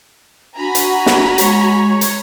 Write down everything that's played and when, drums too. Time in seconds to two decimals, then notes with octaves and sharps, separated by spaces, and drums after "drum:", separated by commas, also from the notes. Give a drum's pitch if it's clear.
0.57 D4 F#4 G#5 A#5 B5
0.75 drum: hi-hat
1.06 drum: snare
1.38 G#3 C#5, drum: hi-hat
2.01 drum: hi-hat